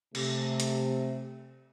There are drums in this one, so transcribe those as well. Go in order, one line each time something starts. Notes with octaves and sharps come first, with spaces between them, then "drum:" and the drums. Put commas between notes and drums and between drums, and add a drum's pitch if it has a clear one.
C3 A3, drum: cymbal
drum: hi-hat